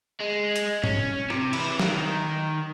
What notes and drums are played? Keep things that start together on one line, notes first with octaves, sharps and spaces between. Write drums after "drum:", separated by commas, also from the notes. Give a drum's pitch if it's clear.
G#3
drum: hi-hat
C#4, drum: tom
C3, drum: rim click
E4 B4, drum: cymbal
D#3, drum: snare